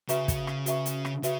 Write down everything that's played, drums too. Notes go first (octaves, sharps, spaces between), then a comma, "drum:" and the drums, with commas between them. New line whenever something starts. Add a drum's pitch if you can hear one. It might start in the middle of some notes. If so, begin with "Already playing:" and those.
C#3 F#4 B4 E5 A#5 C#6, drum: hi-hat
drum: kick, hi-hat
drum: rim click
F#4 B4 E5 A#5 C#6, drum: hi-hat
drum: hi-hat
drum: rim click
C#3 F#4 B4 E5, drum: hi-hat